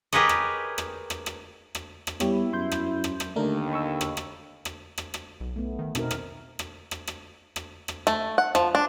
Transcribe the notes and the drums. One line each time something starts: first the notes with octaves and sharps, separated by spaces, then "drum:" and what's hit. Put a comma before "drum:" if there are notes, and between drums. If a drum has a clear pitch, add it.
G4 G#4 A#4 B4 C#5 D#5, drum: rim click
drum: rim click
drum: rim click
drum: rim click
drum: rim click
drum: rim click
drum: rim click
G3 B3 E4 G4 C#5, drum: rim click
F#2 C6 G6
drum: rim click
drum: rim click
drum: rim click
D#2 D3 A3 D4 A#4
B5 C#6 E6
drum: rim click
drum: rim click
drum: rim click
drum: rim click
drum: rim click
B1
A3 B3
D#3
B2 C4 D#4 A#4, drum: rim click
drum: rim click
drum: rim click
drum: rim click
drum: rim click
drum: rim click
drum: rim click
A3, drum: rim click
F#5
F3, drum: rim click
D4